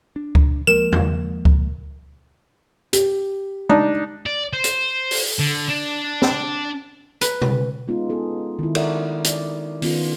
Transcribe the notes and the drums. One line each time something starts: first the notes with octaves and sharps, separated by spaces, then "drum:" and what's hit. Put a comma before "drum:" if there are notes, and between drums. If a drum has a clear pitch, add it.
D4
drum: kick C#2
F3 G#3 A#3 A#4 E7
drum: tom E2
drum: kick C#2
G4, drum: hi-hat
D4 D#4, drum: tom G#3
D5
C5
drum: hi-hat
drum: open hi-hat
D3
D4
drum: snare
B4, drum: hi-hat
drum: tom
G#3 B3 C#4 D#4 F4
B3 D#4 G#4 A4
D#3 E4
A4 A#4 C#5 D5 E5 F#5, drum: cymbal
D4 D5, drum: hi-hat
D#3 B3 C#4 F4, drum: open hi-hat